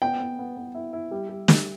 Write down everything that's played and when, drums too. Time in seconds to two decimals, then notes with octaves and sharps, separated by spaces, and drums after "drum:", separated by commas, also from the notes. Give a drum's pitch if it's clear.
0.02 B3 G5
0.20 B3
0.39 B3
0.57 B3
0.75 E4
0.93 E4
1.11 G3
1.29 G3
1.48 G3, drum: snare